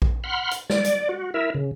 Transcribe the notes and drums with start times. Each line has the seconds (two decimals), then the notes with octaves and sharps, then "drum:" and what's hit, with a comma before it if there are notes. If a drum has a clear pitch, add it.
0.02 drum: kick A#1
0.24 F#5 B5 C6 F6
0.51 drum: hi-hat
0.70 D5, drum: snare G#3
0.84 drum: hi-hat
1.09 F#4
1.34 E4 A#4 E5
1.54 C#3